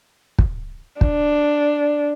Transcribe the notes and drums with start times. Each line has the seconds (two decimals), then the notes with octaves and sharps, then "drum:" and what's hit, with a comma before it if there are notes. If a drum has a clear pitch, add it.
0.39 drum: kick
1.01 D4, drum: kick